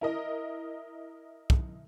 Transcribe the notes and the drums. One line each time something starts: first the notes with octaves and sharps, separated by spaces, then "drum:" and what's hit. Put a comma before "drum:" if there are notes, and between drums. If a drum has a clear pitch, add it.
E4 A#4 D#5
drum: kick